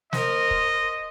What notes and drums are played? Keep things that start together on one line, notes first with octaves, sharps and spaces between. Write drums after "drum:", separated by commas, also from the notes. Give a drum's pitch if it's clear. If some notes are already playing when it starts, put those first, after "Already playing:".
A#4 C5 D#5, drum: snare
drum: kick